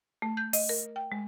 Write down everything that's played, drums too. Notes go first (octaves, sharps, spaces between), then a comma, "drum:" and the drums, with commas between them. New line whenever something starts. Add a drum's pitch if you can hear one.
A3
G6
D#5, drum: open hi-hat
A#4
G5
G#3